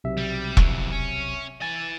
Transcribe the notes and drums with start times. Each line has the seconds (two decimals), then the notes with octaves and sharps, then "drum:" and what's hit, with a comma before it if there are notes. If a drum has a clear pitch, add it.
0.04 B1 C3 E5
0.17 G3
0.57 F2 E3, drum: kick E1
0.91 C#4
1.62 E3 G#5 A6